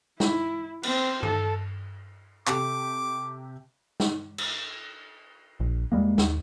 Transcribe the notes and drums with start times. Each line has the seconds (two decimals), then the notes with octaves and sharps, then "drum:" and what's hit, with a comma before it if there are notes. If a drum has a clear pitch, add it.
0.20 E4, drum: snare
0.83 C4, drum: cymbal
1.23 A4, drum: tom G2
2.47 C3 G4 A4 D6, drum: clap
4.00 drum: snare
4.38 drum: cymbal
5.60 A#1
5.92 E2 G3 G#3 A#3
6.18 D#2, drum: snare